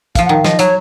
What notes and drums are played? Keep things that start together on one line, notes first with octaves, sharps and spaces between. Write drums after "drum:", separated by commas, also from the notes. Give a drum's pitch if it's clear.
F3 F5, drum: kick, hi-hat
D#3 F#5
F5
F3 D#5, drum: snare
F#3 C#5, drum: hi-hat